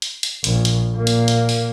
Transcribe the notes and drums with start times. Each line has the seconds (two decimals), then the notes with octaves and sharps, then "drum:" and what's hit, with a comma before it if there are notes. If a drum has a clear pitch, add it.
0.02 drum: hi-hat
0.23 drum: hi-hat
0.44 A#1, drum: hi-hat
0.65 drum: hi-hat
0.94 A#2 A#3
1.07 drum: hi-hat
1.28 drum: hi-hat
1.49 drum: open hi-hat